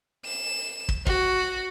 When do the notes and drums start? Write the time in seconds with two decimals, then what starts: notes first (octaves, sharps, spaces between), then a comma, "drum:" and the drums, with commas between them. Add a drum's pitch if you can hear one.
0.25 E7
0.89 drum: kick
1.07 F#4, drum: kick